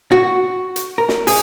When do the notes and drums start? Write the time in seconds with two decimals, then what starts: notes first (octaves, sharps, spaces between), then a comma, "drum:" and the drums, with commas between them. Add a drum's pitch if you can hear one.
0.12 F#4
0.76 drum: hi-hat
0.98 A#4
1.09 drum: snare
1.27 G#4, drum: open hi-hat